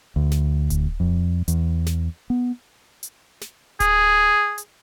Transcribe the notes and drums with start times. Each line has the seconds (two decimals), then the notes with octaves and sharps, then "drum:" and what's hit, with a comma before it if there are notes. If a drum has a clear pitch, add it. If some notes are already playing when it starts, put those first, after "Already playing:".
0.16 D2
0.31 drum: snare
0.70 drum: kick D1, hi-hat
1.00 F2
1.48 E2, drum: hi-hat
1.86 drum: snare
2.30 B3
3.03 drum: hi-hat
3.41 drum: snare
3.80 G#4, drum: kick D1, hi-hat
4.58 drum: hi-hat